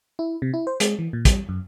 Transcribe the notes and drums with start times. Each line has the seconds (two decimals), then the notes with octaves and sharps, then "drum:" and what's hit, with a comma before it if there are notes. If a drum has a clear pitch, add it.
0.19 E4
0.42 C3
0.54 E4
0.67 C5
0.80 G#3, drum: hi-hat
0.99 E3
1.13 A#2
1.25 G3, drum: kick, hi-hat
1.49 F#2